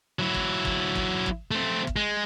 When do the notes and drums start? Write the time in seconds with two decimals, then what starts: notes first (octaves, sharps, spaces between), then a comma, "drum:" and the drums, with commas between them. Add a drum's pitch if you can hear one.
0.19 F#3 E4
0.34 drum: kick
0.65 drum: kick
0.95 drum: kick
1.26 drum: kick
1.51 A3 C4
1.87 drum: kick
1.96 G#3